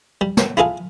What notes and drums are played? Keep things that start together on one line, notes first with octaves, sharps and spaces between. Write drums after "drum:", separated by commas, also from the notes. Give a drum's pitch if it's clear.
G3
drum: snare
E4 F4 G#4 A4 F5